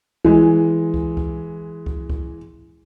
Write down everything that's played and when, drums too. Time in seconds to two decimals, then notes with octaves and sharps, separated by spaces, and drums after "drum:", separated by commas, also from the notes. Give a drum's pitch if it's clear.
0.25 E3 G#3, drum: kick C#2
0.94 drum: kick C#2
1.17 drum: kick C#2
1.86 drum: kick C#2
2.10 drum: kick C#2